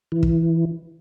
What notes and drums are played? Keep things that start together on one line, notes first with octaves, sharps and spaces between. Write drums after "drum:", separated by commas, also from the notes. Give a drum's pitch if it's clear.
E3
drum: kick